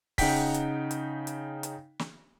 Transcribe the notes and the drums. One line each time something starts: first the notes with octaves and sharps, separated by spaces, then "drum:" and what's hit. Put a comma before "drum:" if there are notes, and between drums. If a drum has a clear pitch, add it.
C#3 D#4 F#5 G5 B6, drum: kick C#1, open hi-hat
drum: hi-hat
drum: hi-hat
drum: hi-hat
drum: hi-hat
drum: snare